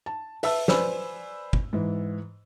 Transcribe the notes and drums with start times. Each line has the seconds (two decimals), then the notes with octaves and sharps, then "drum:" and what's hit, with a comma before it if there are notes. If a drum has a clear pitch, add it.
0.06 A5
0.43 B4 E5 A5 E6, drum: open hi-hat
0.68 B4 C5 D5 G#5 B5 E6, drum: snare
1.53 drum: kick
1.73 G#2 E3